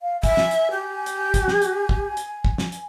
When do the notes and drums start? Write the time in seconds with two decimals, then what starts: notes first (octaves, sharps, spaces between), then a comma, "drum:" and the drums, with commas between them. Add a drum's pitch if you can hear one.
0.02 F5
0.23 E5 G#5, drum: kick, hi-hat
0.37 drum: snare
0.51 drum: hi-hat
0.71 G4
1.06 drum: hi-hat
1.34 drum: kick, hi-hat
1.48 drum: snare
1.62 drum: hi-hat
1.89 drum: kick
2.17 drum: hi-hat
2.45 drum: kick
2.58 drum: snare
2.72 drum: hi-hat